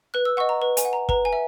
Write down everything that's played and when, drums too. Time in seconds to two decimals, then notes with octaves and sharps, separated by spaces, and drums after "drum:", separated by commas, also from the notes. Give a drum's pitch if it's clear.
0.14 B4 F#6
0.25 E6
0.37 D#5 F#5 C#6
0.49 A#5
0.62 B4
0.77 G#5, drum: hi-hat
0.85 F#5
0.93 A#5
1.09 B4 A#5, drum: kick
1.25 G#5
1.33 E5